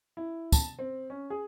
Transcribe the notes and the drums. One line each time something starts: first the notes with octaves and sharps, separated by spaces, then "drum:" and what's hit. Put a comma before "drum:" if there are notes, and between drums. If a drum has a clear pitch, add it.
E4
A5, drum: kick, tambourine
C4
C#4
G#4